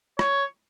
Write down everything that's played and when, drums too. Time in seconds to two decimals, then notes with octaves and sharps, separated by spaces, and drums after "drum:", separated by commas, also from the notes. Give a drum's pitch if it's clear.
0.19 C#5, drum: rim click